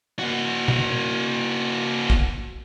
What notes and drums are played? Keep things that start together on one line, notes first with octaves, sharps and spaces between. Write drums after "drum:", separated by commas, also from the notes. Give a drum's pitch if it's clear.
A#3 F#4
drum: tom B2
drum: kick